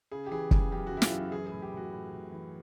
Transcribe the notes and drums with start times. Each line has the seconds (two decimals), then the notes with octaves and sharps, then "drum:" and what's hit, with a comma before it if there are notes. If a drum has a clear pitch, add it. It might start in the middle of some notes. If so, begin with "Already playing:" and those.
0.11 C#3 G#4
0.26 G4
0.31 E3 G#4
0.51 C#3 G#4, drum: kick
0.72 F#2 G4
0.87 F#2 F#4
0.97 E4
1.02 F4, drum: snare
1.11 F#2
1.17 E4
1.32 E3 G#4
1.47 A2 G#4
1.62 G4
1.72 A2 F#4
1.92 A2
2.12 A2
2.32 E3